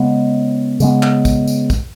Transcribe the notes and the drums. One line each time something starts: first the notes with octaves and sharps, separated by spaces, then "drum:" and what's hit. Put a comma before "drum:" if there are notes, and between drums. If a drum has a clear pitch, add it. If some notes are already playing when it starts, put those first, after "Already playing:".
Already playing: C#3 G#3 B3
C#3 G#3 B3, drum: tambourine
drum: clap
drum: kick, tambourine
drum: tambourine
drum: kick, tambourine